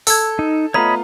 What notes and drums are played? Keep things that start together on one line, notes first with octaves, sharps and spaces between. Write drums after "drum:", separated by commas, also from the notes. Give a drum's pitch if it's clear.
A4 E6 G#6, drum: open hi-hat
D#4
A3 B3 F4 C#5 D#5 A#5 B5